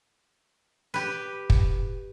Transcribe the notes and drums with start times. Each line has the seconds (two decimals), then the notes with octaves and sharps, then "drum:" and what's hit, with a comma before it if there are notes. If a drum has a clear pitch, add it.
0.94 G4 B4
1.50 drum: kick